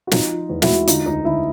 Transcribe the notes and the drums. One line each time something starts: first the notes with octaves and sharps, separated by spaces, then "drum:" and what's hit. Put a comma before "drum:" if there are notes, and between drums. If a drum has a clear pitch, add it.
F#4
F3 D#4 F4, drum: snare
F3
E2
E4 F#4, drum: snare
G#3
D3 D#4 F4, drum: hi-hat
D2 D#4
D3 E4